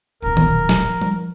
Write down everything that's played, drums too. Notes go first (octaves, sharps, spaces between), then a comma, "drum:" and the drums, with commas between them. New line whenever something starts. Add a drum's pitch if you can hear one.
D#1 B1 A#4
drum: tom D#3
drum: snare
F3
drum: tom G3